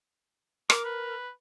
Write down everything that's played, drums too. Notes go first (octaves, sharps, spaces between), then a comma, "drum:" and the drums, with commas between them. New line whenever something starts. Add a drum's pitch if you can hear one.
A#4 D6, drum: rim click
B4